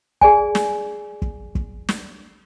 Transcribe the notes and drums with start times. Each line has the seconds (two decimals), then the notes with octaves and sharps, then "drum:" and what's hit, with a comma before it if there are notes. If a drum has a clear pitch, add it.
0.21 G#4 D5 G#5, drum: kick
0.55 drum: snare
1.22 drum: kick
1.55 drum: kick
1.89 drum: snare